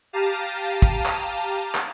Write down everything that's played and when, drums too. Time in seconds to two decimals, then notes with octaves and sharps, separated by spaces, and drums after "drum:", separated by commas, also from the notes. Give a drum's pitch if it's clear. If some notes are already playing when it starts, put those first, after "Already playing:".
0.13 G4 F5 A5 A#5 D#7
0.82 drum: kick
1.05 drum: clap
1.75 drum: clap